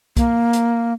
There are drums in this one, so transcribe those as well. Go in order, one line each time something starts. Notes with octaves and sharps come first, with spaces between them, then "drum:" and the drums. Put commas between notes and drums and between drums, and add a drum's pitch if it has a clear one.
A#3, drum: kick, hi-hat
drum: hi-hat